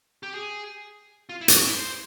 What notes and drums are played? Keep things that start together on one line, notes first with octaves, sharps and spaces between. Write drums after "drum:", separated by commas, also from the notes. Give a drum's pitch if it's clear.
G4
G#4
F4
E4
C4, drum: hi-hat
C#4
E4
C5